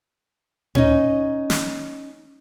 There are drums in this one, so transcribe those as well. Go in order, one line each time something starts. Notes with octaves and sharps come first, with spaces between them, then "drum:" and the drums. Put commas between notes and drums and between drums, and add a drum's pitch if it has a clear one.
C#4 D#4, drum: tom A2
drum: snare